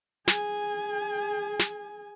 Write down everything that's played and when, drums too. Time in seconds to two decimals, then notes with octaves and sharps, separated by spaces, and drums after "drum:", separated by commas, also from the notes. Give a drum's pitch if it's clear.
0.28 G#4 G#5, drum: snare
1.59 drum: snare